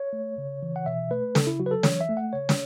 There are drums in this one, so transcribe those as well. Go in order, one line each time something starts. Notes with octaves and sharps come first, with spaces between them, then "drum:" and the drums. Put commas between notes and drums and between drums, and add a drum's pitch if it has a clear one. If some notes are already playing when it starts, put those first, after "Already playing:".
Already playing: C#5
A3
C#3
E3
F#5
B2 E5
A3 B4
C#3 A4, drum: snare
E4
F#3 F#4
B4
A4
E3 C#5, drum: snare
E5
A3
F#5
C#3 C#5
drum: snare